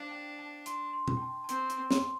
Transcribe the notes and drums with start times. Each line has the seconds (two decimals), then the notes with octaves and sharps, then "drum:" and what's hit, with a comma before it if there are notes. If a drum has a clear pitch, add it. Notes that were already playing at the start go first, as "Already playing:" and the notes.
Already playing: D4 C5 F5 A5
0.11 G5
0.39 A5
0.66 C6, drum: hi-hat
0.93 C6
1.08 drum: tom
1.17 G5
1.21 A5
1.44 A5
1.49 C4 C6, drum: hi-hat
1.70 drum: hi-hat
1.91 C6, drum: snare